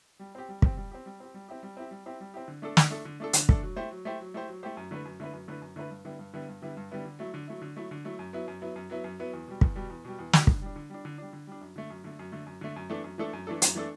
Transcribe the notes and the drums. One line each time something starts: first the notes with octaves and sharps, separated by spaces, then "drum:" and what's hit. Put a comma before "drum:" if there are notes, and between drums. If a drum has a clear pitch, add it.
G3
C4 G4
G3
C4 G4, drum: kick
G3
C4 G4
G3
C4 G4
G3
C4 E4 G4
G3
C4 E4 G4
G3
C4 E4 G4
G3
C4 E4 G4
D3
A3 D4 A4
D3, drum: snare
A3 D4 A4
D3
A3 D4 A4
D3, drum: hi-hat
A3 D4 A4, drum: kick
F#3
A3 E4 G4 C5
F#3
A3 E4 G4 C5
F#3
A3 E4 G4 C5
F#3
A3 E4 G4 C5
F#2
D3 A3 E4 B4
F#2
D3 A3 E4 B4
F#2
D3 A3 E4 B4
F#2
D3 A3 E4 B4
G2
D3 G3 B3 E4
G2
D3 G3 B3 E4
G2
D3 G3 B3 E4
G2
D3 G3 B3 E4
D3
F#3 A3 E4
D3
F#3 A3 E4
D3
F#3 A3 E4
D3
F#3 A3 E4
F#2
F#3 B3 E4
F#2
F#3 B3 E4
F#2
F#3 B3 E4
F#2
F#3 B3 E4
E2
B2 G3
E2, drum: kick
B2 G3
E2
B2 G3
E2
B2 G3, drum: snare
D3, drum: kick
G3 D4
D3
G3 D4
D3
G3 D4
D3
G3 D4
F#2
D3 A3
F#2
D3 A3
F#2
D3 A3
F#2
D3 A3
F#2
E3 A3 D4 A4
F#2
E3 A3 D4 A4
F#2
E3 A3 D4 A4
F#2, drum: hi-hat
E3 A3 D4 A4